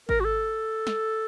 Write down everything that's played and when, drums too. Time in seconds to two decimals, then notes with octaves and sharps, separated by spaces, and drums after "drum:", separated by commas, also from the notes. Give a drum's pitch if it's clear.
0.09 A#4, drum: kick G#1
0.20 F#4
0.25 A4
0.87 drum: snare